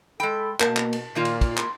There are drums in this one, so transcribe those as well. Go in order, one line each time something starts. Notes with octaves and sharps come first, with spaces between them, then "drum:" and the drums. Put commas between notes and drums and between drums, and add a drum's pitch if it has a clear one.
G#3 A4 G5 B5
B2 A#3 A#4 A5, drum: clap
drum: clap
drum: cymbal
A#2 D#3 A#3 F4 C6
drum: cymbal
drum: kick, cymbal
drum: clap